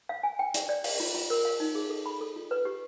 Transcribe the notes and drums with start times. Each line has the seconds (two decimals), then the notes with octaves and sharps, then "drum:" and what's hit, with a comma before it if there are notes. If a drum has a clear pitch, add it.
0.09 F5
0.23 G#5
0.39 G5
0.54 D5, drum: hi-hat
0.69 D5
0.84 F5, drum: open hi-hat
1.00 F4
1.14 F4
1.30 A#4
1.45 F5
1.60 D#4
1.75 G#4
1.90 A4
2.06 B5
2.21 A4
2.36 F4
2.51 B4
2.65 G4